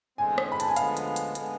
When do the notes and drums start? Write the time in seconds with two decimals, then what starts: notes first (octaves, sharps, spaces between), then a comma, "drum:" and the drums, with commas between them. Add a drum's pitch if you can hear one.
0.18 E2 D3 G#3 C4 G#5
0.38 drum: rim click
0.52 B5
0.60 A5, drum: hi-hat
0.68 G#5
0.76 D2 D3 F3 G#3 B3 F5, drum: hi-hat
0.97 drum: hi-hat
1.16 drum: hi-hat
1.35 D3 G#3 B3, drum: hi-hat